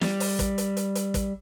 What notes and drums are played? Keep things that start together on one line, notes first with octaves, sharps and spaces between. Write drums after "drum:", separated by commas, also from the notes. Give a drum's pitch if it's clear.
G3, drum: snare
drum: open hi-hat
drum: kick, hi-hat
drum: hi-hat
drum: hi-hat
drum: hi-hat
drum: kick, hi-hat